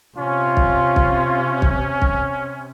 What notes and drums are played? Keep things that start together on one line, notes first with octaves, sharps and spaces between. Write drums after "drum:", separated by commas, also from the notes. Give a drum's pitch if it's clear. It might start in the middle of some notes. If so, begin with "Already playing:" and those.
C3 C#4 F4
drum: kick
drum: kick
drum: kick
drum: kick